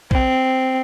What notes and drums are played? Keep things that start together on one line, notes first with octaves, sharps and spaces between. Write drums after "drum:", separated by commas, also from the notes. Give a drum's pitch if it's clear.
C4, drum: kick